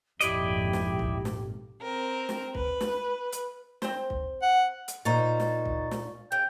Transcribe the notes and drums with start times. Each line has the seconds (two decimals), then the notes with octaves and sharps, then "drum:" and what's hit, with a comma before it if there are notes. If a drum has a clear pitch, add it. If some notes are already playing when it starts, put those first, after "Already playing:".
0.21 G#1 F2 A#2 E4 G4 D5 D#5, drum: hi-hat
0.73 drum: snare
0.99 drum: kick
1.25 drum: snare
1.81 C4 A#4
2.29 drum: snare
2.55 B4, drum: kick
2.81 drum: snare
3.32 drum: hi-hat
3.82 C4 C5, drum: snare
4.10 drum: kick
4.42 F#5
4.88 drum: hi-hat
5.05 A#2 A#3 D#4 C5 A#5 C#6 A6
5.40 drum: snare
5.66 drum: kick
5.91 drum: snare
6.32 C#3 G5